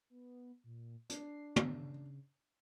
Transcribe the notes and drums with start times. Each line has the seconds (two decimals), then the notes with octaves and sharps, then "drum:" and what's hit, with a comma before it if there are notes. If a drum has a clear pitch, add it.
0.10 B3
0.64 A#2
1.10 D4 C7, drum: hi-hat
1.56 C#3, drum: tom